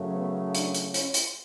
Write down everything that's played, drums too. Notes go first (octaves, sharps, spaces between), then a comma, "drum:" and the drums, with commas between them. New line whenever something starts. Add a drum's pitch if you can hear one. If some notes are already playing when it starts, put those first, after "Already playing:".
Already playing: F#2 C#3 F#3 A3
B3
D4, drum: hi-hat
drum: hi-hat
C#4, drum: hi-hat
drum: hi-hat